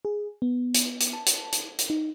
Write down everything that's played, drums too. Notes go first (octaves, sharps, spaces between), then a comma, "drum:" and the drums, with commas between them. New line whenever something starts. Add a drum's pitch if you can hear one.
G#4
B3
drum: hi-hat
drum: hi-hat
A5
drum: hi-hat
drum: hi-hat
drum: hi-hat
D#4